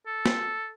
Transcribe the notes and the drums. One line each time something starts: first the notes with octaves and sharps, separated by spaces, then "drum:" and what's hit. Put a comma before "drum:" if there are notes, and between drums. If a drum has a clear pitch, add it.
A4
drum: snare